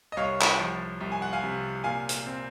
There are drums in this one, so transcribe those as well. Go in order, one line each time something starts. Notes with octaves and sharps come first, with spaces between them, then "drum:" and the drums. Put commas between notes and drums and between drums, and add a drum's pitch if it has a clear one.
D#5
C2 C#5 F5
drum: clap
F3
C2
G#5
F#5
F5 G#5
C3
A#2 F5 G#5
drum: hi-hat
C4